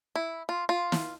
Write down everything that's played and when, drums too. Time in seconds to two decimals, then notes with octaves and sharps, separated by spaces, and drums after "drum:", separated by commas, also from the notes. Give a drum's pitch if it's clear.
0.16 E4
0.49 F4
0.69 F4
0.92 drum: snare